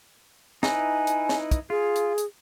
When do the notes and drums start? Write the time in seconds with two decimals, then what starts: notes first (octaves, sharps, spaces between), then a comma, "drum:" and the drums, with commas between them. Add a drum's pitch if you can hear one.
0.63 D#4 E4 B4 G#5, drum: snare
1.07 drum: hi-hat
1.29 drum: snare
1.51 drum: kick, hi-hat
1.70 F4 G#4
1.96 drum: hi-hat
2.18 drum: hi-hat